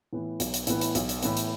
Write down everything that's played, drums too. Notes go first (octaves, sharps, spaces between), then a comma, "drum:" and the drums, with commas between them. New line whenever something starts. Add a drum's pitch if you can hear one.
A2 E3 B3
B1, drum: hi-hat
drum: hi-hat
A2 E3 B3, drum: hi-hat
drum: hi-hat
B1, drum: hi-hat
drum: hi-hat
A2 E3 B3, drum: hi-hat
drum: hi-hat